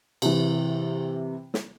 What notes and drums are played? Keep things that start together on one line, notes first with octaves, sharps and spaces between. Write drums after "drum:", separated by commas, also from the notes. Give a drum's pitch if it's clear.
C3 E3, drum: cymbal
drum: snare